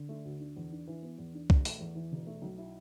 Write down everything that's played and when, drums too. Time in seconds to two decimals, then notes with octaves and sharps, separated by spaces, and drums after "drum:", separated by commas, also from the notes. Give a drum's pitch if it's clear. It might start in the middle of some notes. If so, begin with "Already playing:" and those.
Already playing: D3
0.09 A3
0.25 D2
0.40 D4
0.57 E2
0.72 D4
0.87 E3
1.03 B3
1.18 E2
1.34 D4
1.50 E1, drum: kick C2
1.65 A3, drum: open hi-hat
1.81 E2
1.95 E3
2.12 E1
2.27 A3
2.42 B1
2.58 E4